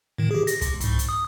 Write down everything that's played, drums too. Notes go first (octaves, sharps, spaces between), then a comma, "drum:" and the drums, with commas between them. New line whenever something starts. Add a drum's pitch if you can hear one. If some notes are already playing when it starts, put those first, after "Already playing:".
A2 D#3
G4 G#4
A#6, drum: hi-hat
C#2, drum: kick, hi-hat
C2 G#2, drum: hi-hat
drum: hi-hat
D#6